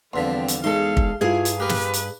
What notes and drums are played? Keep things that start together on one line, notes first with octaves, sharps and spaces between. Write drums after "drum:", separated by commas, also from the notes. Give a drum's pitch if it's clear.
E2 D3 F3 G3 C4 C6 B6
drum: hi-hat
E2 G#3 D#4 G#4 A4 F5 C6
drum: kick
G2 E4 F4 G#4 F5 G#6
drum: hi-hat
G4 A#4 B4 F#6
drum: snare
drum: hi-hat